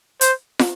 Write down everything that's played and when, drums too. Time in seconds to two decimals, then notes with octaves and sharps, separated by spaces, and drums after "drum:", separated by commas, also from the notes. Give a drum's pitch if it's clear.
0.21 C5, drum: hi-hat
0.59 drum: snare